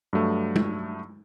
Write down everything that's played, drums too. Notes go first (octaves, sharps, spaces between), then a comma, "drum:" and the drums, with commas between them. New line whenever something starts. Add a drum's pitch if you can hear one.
G2 F#3 A3
drum: tom